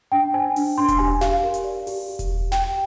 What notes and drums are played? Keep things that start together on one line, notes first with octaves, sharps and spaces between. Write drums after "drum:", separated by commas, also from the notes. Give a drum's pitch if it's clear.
D4 G5
C5 G#5
D4, drum: open hi-hat
D4 C6
drum: kick E1, hi-hat
G4 G#5
G4 F5, drum: snare
A#4
drum: hi-hat
D5
G4, drum: open hi-hat
G4
drum: kick E1, hi-hat
G4
G4 G5, drum: snare